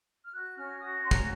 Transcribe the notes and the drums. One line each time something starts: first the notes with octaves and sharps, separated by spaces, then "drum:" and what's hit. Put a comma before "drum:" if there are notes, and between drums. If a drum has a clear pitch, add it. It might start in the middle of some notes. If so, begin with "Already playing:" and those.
F6
F#4 F#6
C#4 F6
F#4 D#6
F#5
C#4 C6
A#5, drum: kick